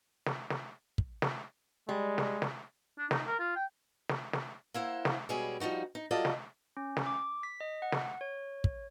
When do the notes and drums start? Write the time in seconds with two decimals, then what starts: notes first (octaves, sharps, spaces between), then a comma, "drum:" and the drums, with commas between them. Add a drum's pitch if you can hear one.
0.26 drum: snare
0.50 drum: snare
0.98 drum: kick
1.22 drum: snare
1.89 G3 G#3
2.18 drum: snare
2.42 drum: snare
2.98 D4
3.11 D#4, drum: snare
3.27 A#4
3.39 F4
3.56 G5
4.09 drum: snare
4.33 drum: snare
4.74 A#3 E4 C5 F#5
5.05 drum: snare
5.29 B2 G3 G#3 C#4 E4 G#4
5.60 F3 G3 D#4 F#4
5.95 D#4
6.11 F#3 G3 F4 A4 D5 D#5
6.25 drum: snare
6.77 C#4
6.97 drum: snare
7.06 D6
7.43 B6
7.61 D#5
7.82 F#5
7.92 drum: snare
8.21 C#5
8.64 drum: kick